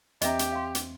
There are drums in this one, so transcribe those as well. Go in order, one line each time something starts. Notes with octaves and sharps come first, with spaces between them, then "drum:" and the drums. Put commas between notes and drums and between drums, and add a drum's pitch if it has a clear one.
E2 C4 G4 D#5 E5 A#5, drum: hi-hat
drum: hi-hat
F5 C6
drum: hi-hat